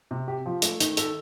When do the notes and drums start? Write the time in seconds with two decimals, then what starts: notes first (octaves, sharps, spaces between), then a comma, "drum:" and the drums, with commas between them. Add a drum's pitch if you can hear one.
0.11 C3
0.28 G4
0.46 F3
0.62 A3, drum: hi-hat
0.80 D#3, drum: hi-hat
0.97 A4, drum: hi-hat